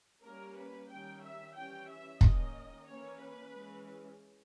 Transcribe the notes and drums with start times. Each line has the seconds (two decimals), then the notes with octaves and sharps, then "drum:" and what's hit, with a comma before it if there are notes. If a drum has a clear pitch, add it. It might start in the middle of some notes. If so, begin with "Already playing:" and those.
0.23 G3 A#3 C#4 A#4
0.55 B4
0.88 D#3 G3 C#4 G5
1.21 E5
1.54 E3 G3 C#4 G5
1.88 E5
2.21 D#3 A#3 C#4 D#5, drum: kick
2.87 E3 A#3 C#4 C#5
3.20 B4
3.53 E3 G#3 C#4